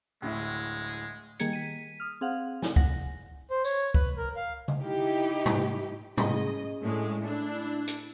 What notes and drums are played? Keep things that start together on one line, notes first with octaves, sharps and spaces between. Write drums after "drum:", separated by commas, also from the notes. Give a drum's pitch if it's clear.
D1 A2 G#3 E5
D#3 G3 A#3 G#4 G#6 C#7, drum: hi-hat
B6 D#7
D#6 F6
C4 G#4 F5 F#5
G#5, drum: snare
F#5 A#6, drum: kick
C5
C#5, drum: tambourine
B4, drum: kick
A#4
F5
drum: tom C#3
D#4 E4 G4
drum: tom G#2
C#4 G#4 D#5, drum: tom G#2
A2 D3 G#3
D4 E4
drum: hi-hat